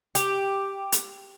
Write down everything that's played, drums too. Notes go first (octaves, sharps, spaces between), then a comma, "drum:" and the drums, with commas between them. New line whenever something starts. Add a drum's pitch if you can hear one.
G4, drum: hi-hat
drum: hi-hat